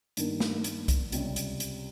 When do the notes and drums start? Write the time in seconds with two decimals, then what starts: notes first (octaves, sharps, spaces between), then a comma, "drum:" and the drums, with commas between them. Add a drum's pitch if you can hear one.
0.17 G2 D#3 A#3, drum: hi-hat
0.40 drum: snare
0.64 drum: hi-hat
0.88 drum: kick C2, hi-hat
1.12 C#2 C3 G3 C#4, drum: hi-hat
1.36 drum: hi-hat
1.60 drum: hi-hat